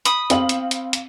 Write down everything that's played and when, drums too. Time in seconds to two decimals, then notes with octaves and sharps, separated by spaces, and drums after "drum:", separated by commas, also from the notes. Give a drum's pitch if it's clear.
0.05 B5 D#6, drum: hi-hat
0.30 C4 F5 F#7, drum: hi-hat
0.49 drum: hi-hat
0.71 drum: hi-hat
0.93 drum: hi-hat